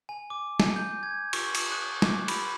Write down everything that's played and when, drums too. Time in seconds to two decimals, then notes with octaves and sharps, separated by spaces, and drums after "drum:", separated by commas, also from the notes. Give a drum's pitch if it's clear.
0.09 G#5
0.30 D6
0.60 G#5, drum: snare
0.76 G6
1.03 G#6
1.33 C#6, drum: cymbal
1.55 drum: cymbal
1.72 F#6
2.02 D6, drum: snare
2.28 B5, drum: cymbal